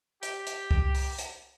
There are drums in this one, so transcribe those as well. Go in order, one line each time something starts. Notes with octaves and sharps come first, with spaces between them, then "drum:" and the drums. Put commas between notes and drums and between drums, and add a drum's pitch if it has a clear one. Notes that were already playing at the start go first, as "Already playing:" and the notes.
G4, drum: hi-hat
drum: hi-hat
drum: kick C2
drum: open hi-hat
drum: hi-hat